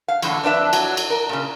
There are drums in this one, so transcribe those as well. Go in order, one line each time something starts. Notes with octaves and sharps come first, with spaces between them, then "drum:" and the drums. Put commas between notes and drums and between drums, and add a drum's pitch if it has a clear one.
F5
F#2 A2 D3 E3 F3, drum: cymbal
F2 D4 B4 E5
F#3, drum: cymbal
drum: cymbal
A#4
A#2 C#3